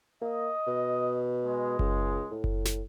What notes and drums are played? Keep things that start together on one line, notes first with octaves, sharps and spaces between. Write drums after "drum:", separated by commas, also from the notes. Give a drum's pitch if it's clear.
A#3 D#5
B2
G#3
C#2, drum: kick F#1
A2
drum: kick F#1
drum: snare